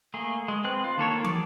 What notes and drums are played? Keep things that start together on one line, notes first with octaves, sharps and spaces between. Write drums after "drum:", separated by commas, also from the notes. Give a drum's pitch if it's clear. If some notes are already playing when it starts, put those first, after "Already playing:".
A3 A#3 G#4
G#3
C4 B4 F#6
F4
D#3 A#3 A4 C#5
F#3 G#4 D6, drum: tom